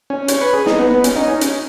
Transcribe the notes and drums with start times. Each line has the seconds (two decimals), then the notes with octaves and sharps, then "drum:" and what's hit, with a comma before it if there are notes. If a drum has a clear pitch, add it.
0.10 C#4
0.28 C#5, drum: hi-hat
0.41 B4
0.53 G#4
0.66 D#4, drum: snare
0.78 B3
0.91 B3
1.04 C#4, drum: hi-hat
1.16 D#4
1.28 C#4
1.41 drum: hi-hat